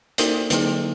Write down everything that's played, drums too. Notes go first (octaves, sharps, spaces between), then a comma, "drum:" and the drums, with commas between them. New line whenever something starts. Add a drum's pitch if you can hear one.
A#3 D#4 F#4 A#4 D5, drum: hi-hat
D3 F#3 A#3 D#4 G#4, drum: hi-hat